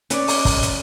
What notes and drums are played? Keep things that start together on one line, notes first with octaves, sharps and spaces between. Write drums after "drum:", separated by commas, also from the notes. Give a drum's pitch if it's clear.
C#4 B4 C#5 D5, drum: hi-hat
drum: open hi-hat
drum: kick, open hi-hat
drum: hi-hat